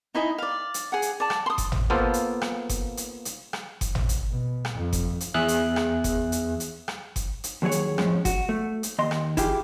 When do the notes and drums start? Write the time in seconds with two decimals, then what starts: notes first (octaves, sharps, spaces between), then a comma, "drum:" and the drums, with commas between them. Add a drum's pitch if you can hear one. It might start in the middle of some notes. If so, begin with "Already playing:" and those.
0.14 D#4 E4 D#5 G#5
0.38 D5 F5
0.74 drum: hi-hat
0.92 G#4 F#5
1.02 drum: hi-hat
1.20 D5 A5
1.30 drum: rim click
1.46 C6 D#6
1.58 drum: kick F#1, hi-hat
1.72 drum: tom G#1
1.90 A#3 B3 F4 A4 C5
2.14 drum: hi-hat
2.42 drum: rim click
2.69 drum: kick F#1, hi-hat
2.97 drum: hi-hat
3.25 drum: hi-hat
3.53 drum: rim click
3.81 drum: kick F#1, hi-hat
3.95 drum: tom G#1
4.09 drum: hi-hat
4.31 B2
4.65 drum: rim click
4.74 F2
4.93 drum: kick F#1, hi-hat
5.20 drum: hi-hat
5.34 E2 G#4 E5 F#6
5.48 drum: hi-hat
5.76 drum: rim click
6.04 drum: kick F#1, hi-hat
6.32 drum: hi-hat
6.60 drum: hi-hat
6.88 drum: rim click
7.16 drum: kick F#1, hi-hat
7.44 drum: hi-hat
7.62 D#2 F#3 G#4 C#5
7.71 drum: hi-hat
7.98 F2 A2 G#3 C#4, drum: rim click
8.25 F#4, drum: kick F#1, hi-hat
8.49 A3
8.83 drum: hi-hat
8.99 D#2 D#5 C6
9.11 drum: rim click
9.37 E4 F4 G4 G#4, drum: kick F#1, hi-hat